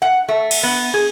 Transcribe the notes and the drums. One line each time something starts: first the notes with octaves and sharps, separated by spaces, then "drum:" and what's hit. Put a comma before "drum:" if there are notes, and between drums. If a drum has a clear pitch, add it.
F#5
A3
drum: cymbal
B3
G#4